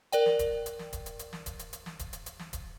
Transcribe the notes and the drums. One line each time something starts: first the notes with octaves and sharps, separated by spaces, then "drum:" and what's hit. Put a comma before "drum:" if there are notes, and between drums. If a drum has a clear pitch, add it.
A#4 D5 G5, drum: hi-hat
drum: snare
drum: kick D1, hi-hat
drum: hi-hat
drum: snare
drum: kick D1, hi-hat
drum: hi-hat
drum: hi-hat
drum: snare
drum: kick D1, hi-hat
drum: hi-hat
drum: hi-hat
drum: snare
drum: kick D1, hi-hat
drum: hi-hat
drum: hi-hat
drum: snare
drum: kick D1, hi-hat